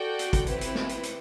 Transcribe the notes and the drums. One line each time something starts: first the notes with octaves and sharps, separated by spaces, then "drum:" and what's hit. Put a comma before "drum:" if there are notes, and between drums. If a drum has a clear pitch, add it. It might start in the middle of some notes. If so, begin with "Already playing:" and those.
Already playing: F#4 A4 D5 G5
drum: hi-hat
drum: kick, hi-hat
C4 E4 G4 B4, drum: hi-hat
drum: hi-hat
drum: snare
drum: hi-hat
drum: hi-hat